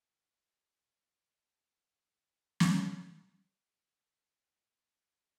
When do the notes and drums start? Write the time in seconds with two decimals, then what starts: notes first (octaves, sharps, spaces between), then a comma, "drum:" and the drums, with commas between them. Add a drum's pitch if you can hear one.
0.12 F4 G#4 D#5 F#5
2.60 drum: snare
3.18 F4 B4
4.50 G#3 F#4 F#5